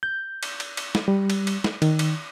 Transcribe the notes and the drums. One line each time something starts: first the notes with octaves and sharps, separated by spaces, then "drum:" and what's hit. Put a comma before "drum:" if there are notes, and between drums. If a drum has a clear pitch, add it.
G6
drum: cymbal
drum: cymbal
drum: cymbal
drum: snare
G3
drum: cymbal
drum: cymbal
drum: snare
D#3, drum: cymbal
drum: cymbal